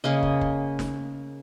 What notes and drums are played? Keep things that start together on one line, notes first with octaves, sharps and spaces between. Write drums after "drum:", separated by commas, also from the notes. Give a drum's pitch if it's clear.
C#3 A#3 D#5
drum: kick
drum: kick
drum: snare